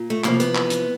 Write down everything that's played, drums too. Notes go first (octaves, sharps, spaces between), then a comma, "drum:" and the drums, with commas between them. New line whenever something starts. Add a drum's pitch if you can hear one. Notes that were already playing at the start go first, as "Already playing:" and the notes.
Already playing: A#2
A3
E2 C3 F3 A#3, drum: clap
B3, drum: hi-hat
drum: clap
drum: hi-hat